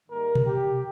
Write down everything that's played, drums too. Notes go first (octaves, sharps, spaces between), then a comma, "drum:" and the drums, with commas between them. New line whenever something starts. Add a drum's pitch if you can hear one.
G#2 D#3 G3 A#3 A#4
drum: tom B2
G4